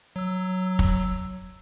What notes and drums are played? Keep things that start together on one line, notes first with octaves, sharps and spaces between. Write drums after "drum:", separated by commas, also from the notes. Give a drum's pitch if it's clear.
F#3 E6
drum: kick